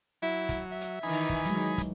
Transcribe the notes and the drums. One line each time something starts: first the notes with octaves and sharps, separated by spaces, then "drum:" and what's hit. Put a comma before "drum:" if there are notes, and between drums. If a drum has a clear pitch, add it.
F#3 E4
drum: kick, hi-hat
E5
drum: hi-hat
D#3 E3 D#4 G#5 B5
drum: hi-hat
drum: kick
F#3 G#3, drum: hi-hat
drum: kick, hi-hat